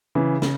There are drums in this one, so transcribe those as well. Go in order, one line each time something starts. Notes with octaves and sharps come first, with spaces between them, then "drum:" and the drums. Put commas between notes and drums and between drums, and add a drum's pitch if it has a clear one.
C#3 E3
C#3, drum: snare